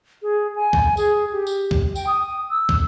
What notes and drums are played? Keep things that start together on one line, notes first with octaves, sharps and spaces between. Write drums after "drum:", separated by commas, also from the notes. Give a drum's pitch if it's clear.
G#4
G#5
drum: kick
G#4, drum: tambourine
G4
drum: tambourine
drum: kick
G5, drum: tambourine
D#6
E6
drum: kick